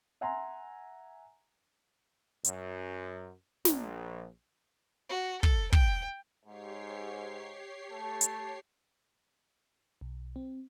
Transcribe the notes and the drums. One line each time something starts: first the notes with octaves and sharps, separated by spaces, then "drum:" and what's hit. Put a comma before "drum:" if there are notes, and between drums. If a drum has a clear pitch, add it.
E5 F#5 G#5 A#5 C6
F#2, drum: hi-hat
A#1, drum: snare
F#4
A4, drum: kick
G5, drum: kick
G#2 G4 C#5 C7
A3 A5
drum: hi-hat
B1
C4